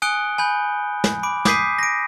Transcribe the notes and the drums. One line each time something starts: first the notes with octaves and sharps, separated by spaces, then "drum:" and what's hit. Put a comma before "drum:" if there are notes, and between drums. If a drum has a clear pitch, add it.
G#5 D#6 F#6 C#7 D7 G7
G#5 B5 G6
drum: snare
B5 D6 D7
D6 D#6 G6 B6 C7 D#7, drum: snare
A#6 D7